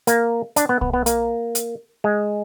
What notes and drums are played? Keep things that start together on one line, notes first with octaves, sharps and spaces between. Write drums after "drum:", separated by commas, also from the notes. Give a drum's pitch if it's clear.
A#3, drum: hi-hat
D4, drum: hi-hat
B3
B3, drum: kick
B3
A#3, drum: hi-hat
drum: hi-hat
G#3